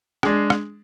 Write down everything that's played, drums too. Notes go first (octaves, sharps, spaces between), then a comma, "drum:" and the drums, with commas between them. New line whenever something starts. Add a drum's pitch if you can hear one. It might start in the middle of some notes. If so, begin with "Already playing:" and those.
G#3 D4 G#4, drum: rim click
drum: rim click